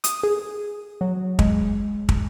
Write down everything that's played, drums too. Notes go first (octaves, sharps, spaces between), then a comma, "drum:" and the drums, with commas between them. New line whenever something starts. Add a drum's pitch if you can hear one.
D#6, drum: hi-hat
G#4
F#3
G#3, drum: kick
drum: kick